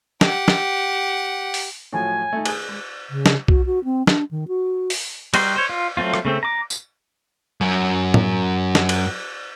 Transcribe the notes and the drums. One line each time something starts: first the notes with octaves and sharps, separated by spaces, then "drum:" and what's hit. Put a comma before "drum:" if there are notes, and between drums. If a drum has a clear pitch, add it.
G4 F#5, drum: snare
drum: snare
drum: open hi-hat
A2 F3 F#3 G#5
A3 D#4
G#4 D#6, drum: cymbal
G#3
C#3
drum: snare
F#4, drum: kick B1
F#4
C4
D4, drum: snare
D#3
F#4
drum: open hi-hat
G3 D#4 F#4 G5 C6, drum: cymbal
C5 C#5
F4
F#3 A3 C4 F4
drum: rim click
C#3 A3 C4
A#5 D6
drum: tambourine
F#2 F#3
drum: tom A2
drum: snare
drum: cymbal